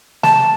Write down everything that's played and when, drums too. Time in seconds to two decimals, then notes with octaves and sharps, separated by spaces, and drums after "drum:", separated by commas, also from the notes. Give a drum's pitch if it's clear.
0.23 A5, drum: snare